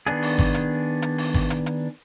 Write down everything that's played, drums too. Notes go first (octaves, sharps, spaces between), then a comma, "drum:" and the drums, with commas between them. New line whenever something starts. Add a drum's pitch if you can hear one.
D#3 B3 D4 G#4, drum: hi-hat
drum: open hi-hat
drum: kick G#1, open hi-hat
drum: hi-hat
drum: hi-hat
drum: open hi-hat
drum: kick G#1, open hi-hat
drum: hi-hat
drum: hi-hat